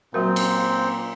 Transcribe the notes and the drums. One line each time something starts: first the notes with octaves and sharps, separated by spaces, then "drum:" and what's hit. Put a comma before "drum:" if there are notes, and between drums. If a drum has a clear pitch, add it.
A#2 F#3 C4 F#4 A#4
drum: cymbal